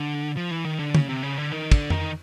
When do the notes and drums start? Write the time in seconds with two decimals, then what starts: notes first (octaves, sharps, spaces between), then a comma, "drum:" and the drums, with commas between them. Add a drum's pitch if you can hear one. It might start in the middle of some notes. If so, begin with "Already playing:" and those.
Already playing: D3
0.37 F3
0.51 E3
0.65 D#3
0.79 D3
0.95 C#3, drum: tom
1.09 C3
1.23 C#3
1.38 D3
1.52 D#3
1.72 D3, drum: kick, cymbal
1.90 D#3, drum: tom F2